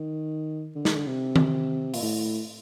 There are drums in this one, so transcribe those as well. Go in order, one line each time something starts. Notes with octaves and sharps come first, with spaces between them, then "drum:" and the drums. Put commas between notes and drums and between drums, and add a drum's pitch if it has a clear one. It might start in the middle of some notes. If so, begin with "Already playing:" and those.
Already playing: D#3
D3
D#3, drum: snare
D3
C3
drum: tom D#3
A#2, drum: open hi-hat
A2